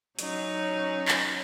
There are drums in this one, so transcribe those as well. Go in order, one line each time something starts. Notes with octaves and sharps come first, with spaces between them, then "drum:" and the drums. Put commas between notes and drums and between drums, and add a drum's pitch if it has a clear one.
F#3 C#4 D#4, drum: hi-hat
drum: clap B6